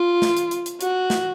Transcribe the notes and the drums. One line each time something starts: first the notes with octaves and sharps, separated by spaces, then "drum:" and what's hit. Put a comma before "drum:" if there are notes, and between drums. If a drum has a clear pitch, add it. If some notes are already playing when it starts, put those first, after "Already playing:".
Already playing: F4
drum: snare
drum: hi-hat
drum: hi-hat
drum: hi-hat
F#4, drum: hi-hat
drum: snare